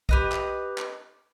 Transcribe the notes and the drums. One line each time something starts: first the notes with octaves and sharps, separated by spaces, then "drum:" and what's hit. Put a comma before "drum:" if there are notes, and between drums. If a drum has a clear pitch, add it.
G4 B4 D#5, drum: kick B1
drum: clap
drum: clap